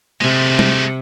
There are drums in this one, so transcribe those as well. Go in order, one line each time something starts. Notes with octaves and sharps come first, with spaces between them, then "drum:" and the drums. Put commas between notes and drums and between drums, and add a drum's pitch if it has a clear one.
C3 G#3 A3
drum: tom